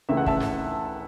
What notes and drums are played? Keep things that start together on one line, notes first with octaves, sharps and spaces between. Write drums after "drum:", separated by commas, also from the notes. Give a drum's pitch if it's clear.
C#2 C#3 E3 A3 E5
F#5
E5 A5, drum: kick
drum: snare G#2